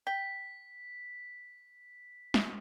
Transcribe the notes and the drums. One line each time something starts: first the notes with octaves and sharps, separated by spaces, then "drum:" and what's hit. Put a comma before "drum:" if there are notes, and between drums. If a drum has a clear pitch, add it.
G5 B6
drum: snare